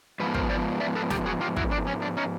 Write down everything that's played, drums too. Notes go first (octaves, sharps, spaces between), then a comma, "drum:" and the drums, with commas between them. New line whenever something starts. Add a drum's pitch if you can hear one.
G#2 F3 B3 B4
A#4 C5, drum: kick
C5 D5
D5 E5
A4 B4
G4 A4, drum: snare
F#4 G#4
F4 G4
E4 F#4, drum: kick
D4
C#4
D4
C#4 D#4